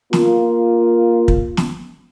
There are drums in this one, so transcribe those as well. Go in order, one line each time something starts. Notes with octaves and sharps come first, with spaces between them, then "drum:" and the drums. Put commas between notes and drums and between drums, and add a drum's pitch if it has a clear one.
A#3 F4, drum: snare
drum: kick
drum: snare